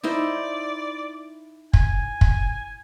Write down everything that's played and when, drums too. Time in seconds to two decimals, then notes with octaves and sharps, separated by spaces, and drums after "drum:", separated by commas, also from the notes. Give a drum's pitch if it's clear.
0.04 D#4 E4 C5 D5
1.74 G#5, drum: kick
2.21 drum: kick